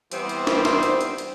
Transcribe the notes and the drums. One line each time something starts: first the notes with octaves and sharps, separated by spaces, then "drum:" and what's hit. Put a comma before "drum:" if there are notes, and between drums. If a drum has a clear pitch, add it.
E3 G3 B3 C4 C5, drum: hi-hat
drum: hi-hat
drum: snare
drum: snare
drum: hi-hat
drum: hi-hat
drum: hi-hat